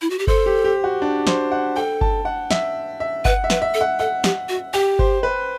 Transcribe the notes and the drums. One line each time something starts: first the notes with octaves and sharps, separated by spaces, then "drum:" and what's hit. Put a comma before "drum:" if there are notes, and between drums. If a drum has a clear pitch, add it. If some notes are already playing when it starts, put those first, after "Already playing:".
E4
F#4
G4
A4 C5, drum: kick G1
G4
G4
F#4
D4
C5, drum: snare
F#5
A4 G5
A5, drum: kick G1
F#5
E5, drum: snare
E5
B4 F#5, drum: kick G1
E5
B4, drum: snare
E5
A4
F#5
A4 F#5
G4, drum: snare
F#4
G4 G5
C5, drum: kick G1
B4